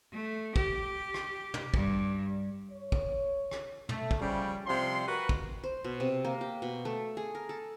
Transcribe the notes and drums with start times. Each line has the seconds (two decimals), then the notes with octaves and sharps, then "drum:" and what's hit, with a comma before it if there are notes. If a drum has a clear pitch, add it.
0.13 A3
0.56 G4, drum: kick
1.14 drum: rim click
1.54 drum: tom
1.74 G2, drum: kick
2.72 C#5
2.92 drum: kick
3.51 drum: rim click
3.89 A3, drum: tom
4.11 drum: kick
4.20 C#3 F3 G3
4.67 C3 F3 G3 C6
5.07 F#4 A#4 B4
5.29 drum: kick
5.64 C5
5.84 B2
6.00 C3
6.25 A#3
6.41 G4
6.62 B2
6.85 A3
7.17 G#4
7.35 A#4
7.49 A4